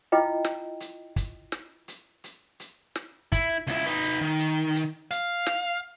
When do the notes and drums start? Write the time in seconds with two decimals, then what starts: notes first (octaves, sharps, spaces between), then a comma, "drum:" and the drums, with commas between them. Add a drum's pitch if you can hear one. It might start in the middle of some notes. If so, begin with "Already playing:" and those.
0.12 E4 F4 D#5 G5
0.45 drum: snare
0.80 drum: hi-hat
1.16 drum: kick, hi-hat
1.52 drum: snare
1.88 drum: hi-hat
2.24 drum: hi-hat
2.60 drum: hi-hat
2.95 drum: snare
3.32 E4, drum: kick, hi-hat
3.67 C#2 E4, drum: hi-hat
3.86 D#4 B4
4.03 drum: hi-hat
4.21 D#3
4.39 drum: hi-hat
4.75 drum: hi-hat
5.11 F5, drum: hi-hat
5.46 drum: snare